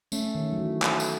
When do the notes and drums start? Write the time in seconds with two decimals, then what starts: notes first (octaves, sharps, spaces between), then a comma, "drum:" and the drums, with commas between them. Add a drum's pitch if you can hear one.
0.12 A3 C#4, drum: tambourine
0.35 D#3
0.52 F#3
0.58 E3
0.82 F#3, drum: clap
1.00 drum: tambourine